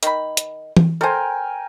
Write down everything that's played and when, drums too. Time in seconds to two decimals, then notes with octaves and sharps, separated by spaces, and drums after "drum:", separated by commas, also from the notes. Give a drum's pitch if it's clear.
0.03 D#3 B5, drum: hi-hat
0.37 drum: hi-hat
0.77 drum: tom E3
1.01 A4 A#4 C5 G5 G#5